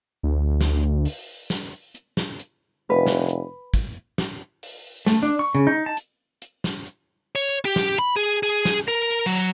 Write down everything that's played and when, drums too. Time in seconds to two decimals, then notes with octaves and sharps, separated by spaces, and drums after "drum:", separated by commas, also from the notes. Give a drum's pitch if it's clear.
0.23 D2
0.61 drum: snare
1.05 drum: open hi-hat
1.50 drum: snare
1.95 drum: hi-hat
2.17 drum: snare
2.39 drum: hi-hat
2.90 F1 B4
3.07 drum: snare
3.29 drum: hi-hat
3.74 drum: kick, hi-hat
4.18 drum: snare
4.63 drum: open hi-hat
5.06 A3, drum: snare
5.23 D4
5.39 C#6
5.55 C#3, drum: hi-hat
5.67 D#4
5.86 A5
5.97 drum: hi-hat
6.42 drum: hi-hat
6.64 drum: snare
6.87 drum: hi-hat
7.35 C#5
7.65 G4
7.76 drum: snare
7.99 B5
8.16 G#4
8.43 G#4
8.65 drum: snare
8.88 A#4
9.10 drum: hi-hat
9.26 F#3